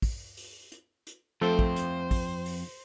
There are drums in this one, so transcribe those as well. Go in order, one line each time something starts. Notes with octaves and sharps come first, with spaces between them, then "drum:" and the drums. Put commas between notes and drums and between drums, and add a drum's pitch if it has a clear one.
drum: kick, open hi-hat
drum: open hi-hat
drum: hi-hat
drum: hi-hat
F2 F3 A3 C4 C5 G5
drum: kick
drum: hi-hat
drum: kick, open hi-hat
drum: open hi-hat